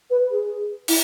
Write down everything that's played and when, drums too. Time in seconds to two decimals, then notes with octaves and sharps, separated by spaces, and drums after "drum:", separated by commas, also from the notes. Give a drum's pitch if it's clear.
0.10 B4
0.31 G#4
0.88 E4, drum: open hi-hat